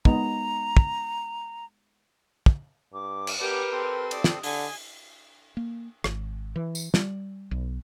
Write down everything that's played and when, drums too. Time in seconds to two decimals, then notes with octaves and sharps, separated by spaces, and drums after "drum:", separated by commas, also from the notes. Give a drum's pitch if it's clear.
0.05 G#3 B3 D#4 A#5, drum: kick
0.77 drum: kick
2.46 drum: kick
2.93 G2 D6
3.27 drum: cymbal
3.40 B3 D4 G4 A#4 B4 D5
3.72 C4 A4 C6
4.11 D5 D#6, drum: cymbal
4.24 drum: snare
4.43 D3 G#5, drum: open hi-hat
5.57 A#3
6.04 G#1, drum: rim click
6.56 E3
6.75 drum: tambourine
6.94 G3, drum: snare
7.51 B1